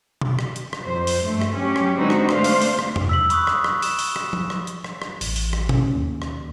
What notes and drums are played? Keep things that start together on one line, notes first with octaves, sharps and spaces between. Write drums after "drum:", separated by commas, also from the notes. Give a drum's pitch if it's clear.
drum: tom B2
drum: rim click
drum: hi-hat
drum: rim click
F2 C5
drum: open hi-hat
G2 A3
drum: rim click
F#3 C#4 G4
drum: rim click
D3 G#3 C4 D#4 F#4 B4
drum: rim click
A3 D4 C5 F5, drum: rim click
drum: open hi-hat
drum: open hi-hat
drum: rim click
drum: tom E2
E6 B6 F#7
B5 C#6 D#6 F#6, drum: hi-hat
drum: rim click
drum: rim click
E7, drum: open hi-hat
drum: open hi-hat
drum: rim click
drum: tom F3
drum: rim click
drum: hi-hat
drum: rim click
drum: rim click
A1, drum: open hi-hat
drum: open hi-hat
drum: rim click
C#4, drum: tom B2
D#2
drum: rim click